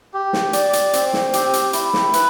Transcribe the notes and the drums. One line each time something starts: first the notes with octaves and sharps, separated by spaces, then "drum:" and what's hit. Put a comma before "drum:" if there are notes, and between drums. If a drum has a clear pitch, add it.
G4
drum: snare
D5, drum: hi-hat
drum: hi-hat
C4, drum: hi-hat
drum: snare
G4, drum: hi-hat
drum: hi-hat
E4, drum: hi-hat
drum: snare
B4, drum: hi-hat